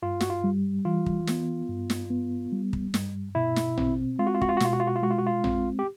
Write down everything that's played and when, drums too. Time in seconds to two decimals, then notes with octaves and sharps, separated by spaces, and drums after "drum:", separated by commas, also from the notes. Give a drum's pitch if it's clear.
0.02 G2 F4
0.21 F#4, drum: snare
0.30 F4
0.44 G3
0.85 E3 F4
1.06 drum: kick
1.27 B3, drum: snare
1.69 G2
1.90 drum: snare
2.10 B3
2.52 G3
2.73 drum: kick
2.94 G2, drum: snare
3.35 B2 E4
3.56 drum: snare
3.77 C4, drum: tom
4.19 G#3 F4
4.27 F#4
4.35 F4
4.41 F#4, drum: kick
4.49 F4
4.57 F#4
4.60 B2 F4, drum: snare
4.73 F#4
4.80 F4
4.87 F#4
4.96 F4
5.02 G#3 F#4
5.10 F4
5.18 F#4
5.27 F4
5.44 C4, drum: tom
5.79 G4